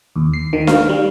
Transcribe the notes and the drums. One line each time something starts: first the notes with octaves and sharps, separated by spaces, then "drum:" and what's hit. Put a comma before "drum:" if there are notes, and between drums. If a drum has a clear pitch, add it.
D#2
C7
D#3
F5, drum: snare D4
G3